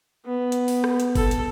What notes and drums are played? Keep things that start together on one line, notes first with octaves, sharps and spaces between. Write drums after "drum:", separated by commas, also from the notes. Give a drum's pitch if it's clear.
B3
drum: hi-hat
drum: open hi-hat
drum: rim click
drum: hi-hat
A4, drum: kick F#1, open hi-hat
drum: hi-hat